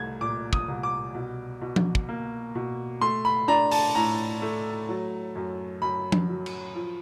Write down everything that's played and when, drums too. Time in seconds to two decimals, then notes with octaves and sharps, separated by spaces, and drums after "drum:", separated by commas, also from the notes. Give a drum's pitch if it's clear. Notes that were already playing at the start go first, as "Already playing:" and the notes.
Already playing: C2 A3 G#6
0.21 A#2 D6
0.53 D#6, drum: kick
0.68 C2
0.83 D6
1.15 B2
1.62 B2
1.76 drum: tom F3
1.95 drum: kick
2.09 A#3
2.55 B2
3.01 A3 C6
3.25 B5
3.48 D4 A#5
3.71 A5, drum: open hi-hat
3.95 A2 A#5
4.42 A3
4.89 F#3
5.36 F#2
5.82 F#2 B5
6.12 drum: tom F3
6.29 F#3
6.46 drum: cymbal
6.75 F3